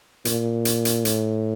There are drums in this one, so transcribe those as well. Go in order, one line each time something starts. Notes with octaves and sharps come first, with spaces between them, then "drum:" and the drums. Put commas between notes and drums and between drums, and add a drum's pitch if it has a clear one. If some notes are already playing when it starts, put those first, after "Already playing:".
A#2, drum: hi-hat
drum: hi-hat
drum: hi-hat
A2, drum: hi-hat